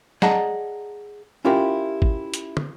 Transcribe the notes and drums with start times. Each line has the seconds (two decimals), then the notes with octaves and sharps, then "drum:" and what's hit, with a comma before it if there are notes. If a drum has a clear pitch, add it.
0.22 G#4 D5 D#5 F#5 A5 A#5, drum: snare
1.45 C#4 E4 F4 G4 A#4 G5
2.02 drum: kick G#1
2.34 drum: hi-hat
2.57 drum: tom